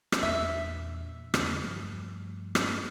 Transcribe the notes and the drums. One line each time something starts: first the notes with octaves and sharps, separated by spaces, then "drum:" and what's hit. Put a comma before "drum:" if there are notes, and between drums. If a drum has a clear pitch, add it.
drum: rim click
E2 A#2 D4 E5
E2 C#3, drum: rim click
G2 F3 A3
drum: rim click